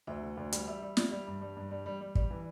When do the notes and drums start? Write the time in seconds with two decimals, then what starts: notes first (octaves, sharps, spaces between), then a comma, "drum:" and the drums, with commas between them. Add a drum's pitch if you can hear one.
0.07 D2 E5
0.22 D3
0.37 D2
0.52 G3, drum: hi-hat
0.67 G3 E5
0.82 G3
0.97 G3, drum: snare
1.11 G3
1.27 G2
1.41 G3
1.57 G2
1.71 G3
1.86 G3
2.01 G3
2.15 G3, drum: kick
2.30 E3